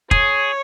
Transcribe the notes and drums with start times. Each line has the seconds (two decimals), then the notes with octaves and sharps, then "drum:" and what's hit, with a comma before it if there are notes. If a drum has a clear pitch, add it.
0.11 G#4 C#5, drum: kick